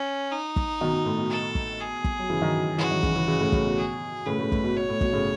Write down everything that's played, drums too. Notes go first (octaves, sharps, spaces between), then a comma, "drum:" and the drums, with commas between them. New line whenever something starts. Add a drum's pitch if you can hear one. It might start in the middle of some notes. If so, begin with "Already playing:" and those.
Already playing: C#4
D#4
drum: kick
B2 D#3
B2
A2
B2
A4
drum: kick
G#4
drum: kick
F#3
C#3 E3
D#3 F#3
C#3 E3 F#4
D#3 F#3
C#3 E3, drum: kick
C#3 E3
C#3 E3
A2 C#3
A2 C#3, drum: kick
B2
G#4
A2 C#3 B4
A2 C#3
A2, drum: kick
B2
B2 C#5
A2
B2, drum: kick
A2 C#3